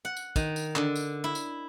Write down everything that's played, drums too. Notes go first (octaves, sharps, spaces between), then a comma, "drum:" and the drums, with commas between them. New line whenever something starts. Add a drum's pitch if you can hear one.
F#5
drum: tambourine
D#3, drum: kick, tambourine
drum: tambourine
D3, drum: clap
drum: tambourine
E4
drum: tambourine